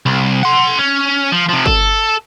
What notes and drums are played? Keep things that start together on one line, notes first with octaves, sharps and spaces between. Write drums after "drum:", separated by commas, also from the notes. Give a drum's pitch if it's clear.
C2
F#5 C6
C#4
F3
C3 F3
A4, drum: kick G1